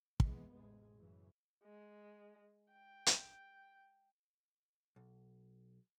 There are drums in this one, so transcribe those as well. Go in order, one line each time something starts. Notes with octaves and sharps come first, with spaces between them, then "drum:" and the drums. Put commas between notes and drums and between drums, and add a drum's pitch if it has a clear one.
A1 F2 E3 G#3 B3, drum: kick
A1 C3 G#3
F#2 C#3 E3
G#3
G5
drum: hi-hat
B1